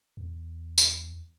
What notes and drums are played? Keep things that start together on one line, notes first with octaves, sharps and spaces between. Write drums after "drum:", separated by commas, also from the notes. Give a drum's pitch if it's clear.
E2
drum: tambourine